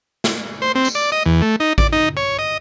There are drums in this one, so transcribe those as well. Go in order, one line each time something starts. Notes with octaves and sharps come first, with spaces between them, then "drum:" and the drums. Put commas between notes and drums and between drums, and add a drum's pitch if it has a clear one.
drum: snare
C5
C4
drum: tambourine
D5
D#5
E2
A3
D#4
D5, drum: kick A1
D#4
C#5
D#5